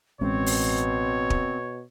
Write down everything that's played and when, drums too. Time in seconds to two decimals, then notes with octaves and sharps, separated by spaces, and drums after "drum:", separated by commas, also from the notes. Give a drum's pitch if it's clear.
0.21 A1 B2 G#3 C4 C#4 C#5
0.46 drum: open hi-hat
1.30 drum: kick